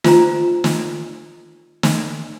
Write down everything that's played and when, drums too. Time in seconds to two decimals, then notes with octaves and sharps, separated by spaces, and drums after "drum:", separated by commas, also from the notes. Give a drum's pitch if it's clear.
0.04 F4 C5 A#5, drum: snare
0.64 drum: snare
1.83 drum: snare